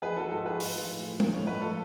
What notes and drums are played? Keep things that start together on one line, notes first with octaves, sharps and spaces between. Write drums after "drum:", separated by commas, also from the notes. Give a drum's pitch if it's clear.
F3 G#4 B4
F3 F#4 A4
G#2 F#4 A4
F3 G#4 B4
G#2, drum: open hi-hat
F3
A2
A2
F3, drum: tom G#3
A2 C#5
A2 B4
F3 A4